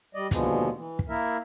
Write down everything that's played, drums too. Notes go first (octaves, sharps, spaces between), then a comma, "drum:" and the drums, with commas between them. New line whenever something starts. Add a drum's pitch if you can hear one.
G3 D5 D#5
D#2 B2 D3 F3 G#3 B3, drum: kick, hi-hat
E3
drum: kick
A#3 E4 A#4 E5